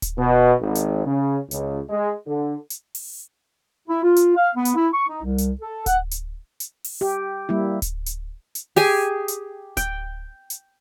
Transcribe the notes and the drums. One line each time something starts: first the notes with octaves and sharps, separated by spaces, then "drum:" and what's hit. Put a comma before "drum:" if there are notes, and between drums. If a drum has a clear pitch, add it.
drum: kick D1, hi-hat
B2
G#1
drum: hi-hat
C#3
C#2, drum: hi-hat
G#3
D3
drum: hi-hat
drum: open hi-hat
E4
F4
drum: hi-hat
F5
B3
drum: hi-hat
E4
C#6
D#4
C2
drum: hi-hat
A4
F#5, drum: kick D1, hi-hat
drum: hi-hat
drum: hi-hat
drum: open hi-hat
G4
G3 A#3 E4
drum: kick D1, hi-hat
drum: hi-hat
drum: hi-hat
G4 G#4 G#5, drum: open hi-hat
drum: hi-hat
G5, drum: kick D1, hi-hat
drum: hi-hat